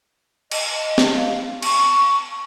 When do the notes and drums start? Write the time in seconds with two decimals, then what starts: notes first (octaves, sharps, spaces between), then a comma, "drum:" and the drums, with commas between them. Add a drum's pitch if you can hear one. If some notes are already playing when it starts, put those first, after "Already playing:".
0.51 D#5, drum: cymbal
0.98 drum: snare
1.14 F5
1.62 C#6, drum: cymbal